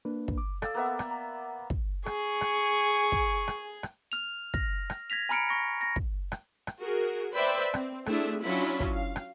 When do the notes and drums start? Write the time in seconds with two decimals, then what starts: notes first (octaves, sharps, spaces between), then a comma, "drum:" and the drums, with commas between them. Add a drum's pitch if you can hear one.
0.05 A#3 D4 B4
0.28 drum: kick
0.38 D6
0.62 A4 D5 F5 E6, drum: rim click
0.74 A#3 B3 E5
0.99 drum: rim click
1.11 A#5
1.70 drum: kick
2.06 G#4 C#6, drum: rim click
2.41 drum: rim click
3.12 drum: kick
3.48 drum: rim click
3.83 drum: rim click
4.12 F6 F7
4.54 F6 A#6, drum: kick
4.90 drum: rim click
5.10 G#6 A#6 B6 F7
5.29 G#5 A#5 B5 F6 C#7 D7
5.49 C#6 A#6
5.81 A#6
5.96 drum: kick
6.32 drum: rim click
6.67 drum: rim click
6.79 F#4 G#4 A#4
7.35 B4 C5 D5 E5 G5 B5
7.74 C4, drum: rim click
8.06 A3 C4 D4 E4 G#4 E5, drum: rim click
8.43 F#3 C#4 D4 E4 F4 B5
8.80 drum: kick
8.93 F5
9.16 drum: rim click